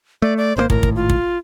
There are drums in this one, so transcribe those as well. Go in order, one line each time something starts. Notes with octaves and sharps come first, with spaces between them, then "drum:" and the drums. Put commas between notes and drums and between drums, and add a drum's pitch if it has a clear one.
A3 D5
D5
G#1 C3 A#3 C5
G#1 A2 A#4, drum: kick
drum: kick
F4
drum: kick